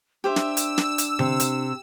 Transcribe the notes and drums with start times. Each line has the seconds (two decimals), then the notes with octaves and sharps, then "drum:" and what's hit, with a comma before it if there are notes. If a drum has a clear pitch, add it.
0.24 D4 G4 C5 E5 E6
0.36 drum: snare
0.57 drum: hi-hat
0.78 drum: snare
0.98 drum: hi-hat
1.19 C3, drum: tom D3
1.40 drum: hi-hat